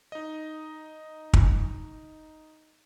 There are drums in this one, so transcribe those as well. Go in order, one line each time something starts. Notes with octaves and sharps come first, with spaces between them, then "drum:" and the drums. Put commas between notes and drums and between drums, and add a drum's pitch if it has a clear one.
D#4 D#5
drum: kick